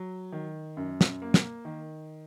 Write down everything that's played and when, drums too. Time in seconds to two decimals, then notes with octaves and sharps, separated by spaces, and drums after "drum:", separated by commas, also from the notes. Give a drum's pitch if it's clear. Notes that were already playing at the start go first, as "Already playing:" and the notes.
Already playing: F#3
0.32 D#3
0.77 F#2
1.01 drum: snare
1.22 A#3
1.34 drum: snare
1.65 D#3